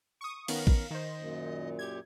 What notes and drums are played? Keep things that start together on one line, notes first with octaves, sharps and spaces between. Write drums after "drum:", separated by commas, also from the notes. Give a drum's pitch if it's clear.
C#6 D#6
D#3 B3 C#4 A#4 F5, drum: cymbal
drum: kick A1
D#3 C5 D#5
F#2 A#2
G4 G#6